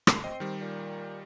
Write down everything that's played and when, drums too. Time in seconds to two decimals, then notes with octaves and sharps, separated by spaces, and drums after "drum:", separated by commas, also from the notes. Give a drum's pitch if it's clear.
0.07 G2 A3 C7, drum: rim click
0.24 C4 D#5
0.40 D#3 G3
0.61 A#2